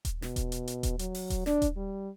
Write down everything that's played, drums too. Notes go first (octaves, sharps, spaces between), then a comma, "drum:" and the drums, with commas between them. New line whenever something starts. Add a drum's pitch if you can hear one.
drum: kick D#1, hi-hat
B2, drum: snare
drum: kick D#1, hi-hat
drum: hi-hat
drum: hi-hat
drum: kick D#1, hi-hat
F#3, drum: hi-hat
drum: open hi-hat
drum: kick D#1, hi-hat
D4, drum: snare
drum: kick D#1, hi-hat
G3